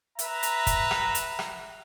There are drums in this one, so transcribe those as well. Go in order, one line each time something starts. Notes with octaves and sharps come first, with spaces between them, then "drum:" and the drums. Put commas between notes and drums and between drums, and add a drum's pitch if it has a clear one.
B4 E5 A#5, drum: hi-hat
drum: hi-hat
drum: kick, hi-hat
drum: rim click
drum: hi-hat
drum: rim click